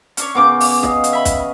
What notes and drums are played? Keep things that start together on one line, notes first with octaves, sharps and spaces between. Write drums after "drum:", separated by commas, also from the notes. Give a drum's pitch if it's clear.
C#4 D4 C#5, drum: hi-hat
C#3 A#3 B3 D6 G6
drum: open hi-hat
D#5 F5, drum: snare
drum: hi-hat
E5 B5
drum: kick, hi-hat